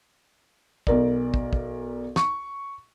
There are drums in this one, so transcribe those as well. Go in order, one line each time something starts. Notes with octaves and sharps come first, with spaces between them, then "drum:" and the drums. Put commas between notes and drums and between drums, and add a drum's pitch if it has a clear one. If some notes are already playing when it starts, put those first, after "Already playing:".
B1 A#4 D5, drum: kick
drum: kick
drum: kick
C#6, drum: snare